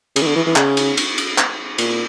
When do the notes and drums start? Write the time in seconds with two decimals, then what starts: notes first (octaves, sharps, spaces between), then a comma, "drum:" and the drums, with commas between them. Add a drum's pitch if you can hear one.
0.16 C#3, drum: cymbal
0.22 E3
0.27 D3
0.36 E3
0.46 E3
0.56 C#3, drum: clap
0.77 drum: cymbal
0.97 drum: cymbal
1.18 drum: cymbal
1.38 drum: clap
1.78 A#2, drum: cymbal